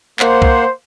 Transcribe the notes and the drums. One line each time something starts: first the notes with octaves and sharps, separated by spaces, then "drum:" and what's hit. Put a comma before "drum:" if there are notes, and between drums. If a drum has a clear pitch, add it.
A#3 C5 F#5, drum: clap
drum: kick C2